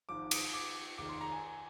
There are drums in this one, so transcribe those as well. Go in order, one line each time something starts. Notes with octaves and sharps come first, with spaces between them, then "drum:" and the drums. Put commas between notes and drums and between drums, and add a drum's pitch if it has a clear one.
G#1 G#2 F3 D6
D#6, drum: cymbal
D6
F1 D#2 D#3 G#3 D6
C6
A#5
G#5